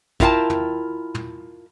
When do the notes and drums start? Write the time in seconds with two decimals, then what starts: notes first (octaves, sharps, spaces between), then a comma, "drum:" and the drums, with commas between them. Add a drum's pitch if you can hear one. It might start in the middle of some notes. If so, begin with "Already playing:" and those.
0.20 E4 F4 A#4 F5 G5 A5, drum: kick
0.50 drum: tom
1.14 drum: tom